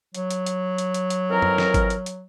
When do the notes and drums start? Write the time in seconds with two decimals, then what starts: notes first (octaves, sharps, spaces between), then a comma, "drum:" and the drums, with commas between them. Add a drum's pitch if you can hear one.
0.15 F#3, drum: hi-hat
0.30 drum: hi-hat
0.46 drum: hi-hat
0.78 drum: hi-hat
0.94 drum: hi-hat
1.10 drum: hi-hat
1.30 F2 E3 A#4
1.42 drum: tom F#2
1.58 drum: snare
1.74 drum: kick G#1, hi-hat
1.90 drum: hi-hat
2.06 drum: hi-hat